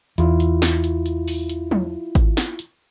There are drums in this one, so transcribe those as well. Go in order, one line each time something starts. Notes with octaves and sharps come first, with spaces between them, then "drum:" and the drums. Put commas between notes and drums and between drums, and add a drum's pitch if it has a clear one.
E2 E4 F4, drum: hi-hat
drum: hi-hat
drum: snare
drum: hi-hat
drum: hi-hat
drum: open hi-hat
drum: hi-hat
drum: tom F3
drum: kick G#1, hi-hat
drum: snare
drum: hi-hat